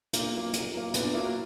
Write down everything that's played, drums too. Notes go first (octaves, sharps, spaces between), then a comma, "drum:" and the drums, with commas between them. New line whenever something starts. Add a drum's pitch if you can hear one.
A#2 A#3, drum: hi-hat
F#3 A#3
A#2, drum: hi-hat
F#3 A#3
A#2 B3, drum: hi-hat
D4
F#3 A#3 E4
F#4